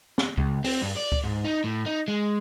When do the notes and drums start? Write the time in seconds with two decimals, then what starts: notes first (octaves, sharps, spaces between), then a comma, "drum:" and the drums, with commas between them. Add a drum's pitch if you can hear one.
0.18 drum: snare
0.38 C#2, drum: kick C#2
0.64 C4, drum: open hi-hat
0.82 G2
0.96 D5
1.12 drum: kick C#2
1.24 G#2
1.45 D#4
1.64 A2
1.86 D#4
2.08 G#3